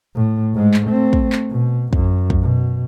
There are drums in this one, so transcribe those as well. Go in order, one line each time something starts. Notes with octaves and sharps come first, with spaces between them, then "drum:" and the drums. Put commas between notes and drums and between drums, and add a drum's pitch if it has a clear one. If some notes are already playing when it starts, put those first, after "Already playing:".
A2
G#2 G#3
drum: clap
A3 C4
drum: kick
drum: clap
B2
F#2, drum: kick
drum: kick
B2